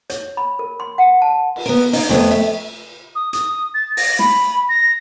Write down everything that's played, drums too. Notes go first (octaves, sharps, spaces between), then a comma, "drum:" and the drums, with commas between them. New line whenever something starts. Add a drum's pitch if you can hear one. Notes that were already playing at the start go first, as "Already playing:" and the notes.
C#5, drum: hi-hat
B5
A#4
C6
F#5
A5
drum: cymbal
B3 A#4
D#4, drum: open hi-hat
F2 A3 B3
E5
D#6
D#6, drum: hi-hat
A6
A#6, drum: open hi-hat
B5, drum: snare
A#6